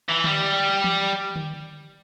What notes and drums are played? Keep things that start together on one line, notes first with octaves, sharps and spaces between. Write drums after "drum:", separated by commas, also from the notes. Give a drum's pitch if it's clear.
E3
G3, drum: tom D3
drum: tom E3
drum: tom D3